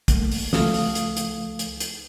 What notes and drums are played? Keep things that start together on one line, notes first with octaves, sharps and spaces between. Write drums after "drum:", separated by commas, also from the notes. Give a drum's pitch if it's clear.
A3 A#3, drum: kick, hi-hat
drum: open hi-hat
C#2 F3 A3 A4 F5 D#6, drum: snare
drum: open hi-hat
drum: hi-hat
drum: hi-hat
drum: hi-hat
drum: hi-hat